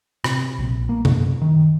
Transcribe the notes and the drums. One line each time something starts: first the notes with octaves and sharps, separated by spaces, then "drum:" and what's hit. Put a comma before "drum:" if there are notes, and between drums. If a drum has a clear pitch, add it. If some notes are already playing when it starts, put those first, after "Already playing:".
C3, drum: rim click
A#1
A#3
F#2, drum: tom C3
D#3